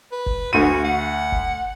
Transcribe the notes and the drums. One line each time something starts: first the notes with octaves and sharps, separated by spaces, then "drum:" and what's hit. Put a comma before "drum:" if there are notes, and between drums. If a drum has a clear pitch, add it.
B4
drum: kick F#1
D2 F#4 D#7
F#5
drum: kick F#1